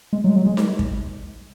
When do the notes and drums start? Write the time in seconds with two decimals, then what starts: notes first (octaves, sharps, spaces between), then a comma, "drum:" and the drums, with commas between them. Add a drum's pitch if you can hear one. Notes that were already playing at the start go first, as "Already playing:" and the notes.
0.13 G#3
0.24 F#3
0.29 G#3
0.36 F#3
0.46 G#3
0.57 drum: snare D#4
0.79 drum: kick